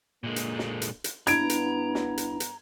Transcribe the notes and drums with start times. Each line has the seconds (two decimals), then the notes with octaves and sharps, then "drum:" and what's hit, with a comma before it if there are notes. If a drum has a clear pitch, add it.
0.24 A#2 D3 G#3 A#3
0.36 drum: hi-hat
0.59 drum: snare
0.82 drum: hi-hat
1.04 drum: hi-hat
1.27 G2 B3 D4 E4 A#5 B5 G#6 D7, drum: hi-hat
1.50 drum: hi-hat
1.95 drum: snare
2.18 drum: hi-hat
2.40 drum: hi-hat